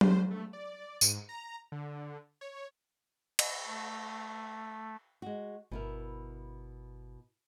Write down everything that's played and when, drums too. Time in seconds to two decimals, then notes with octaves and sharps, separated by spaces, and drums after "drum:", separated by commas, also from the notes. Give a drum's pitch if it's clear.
0.01 C5, drum: tom F#3
0.31 A3
0.53 D5
1.01 G#2, drum: tambourine
1.29 A#5
1.72 D3
2.41 C#5
3.39 drum: cymbal
3.67 A3
5.22 G#3 F#4
5.72 G1 B2 E4 A#4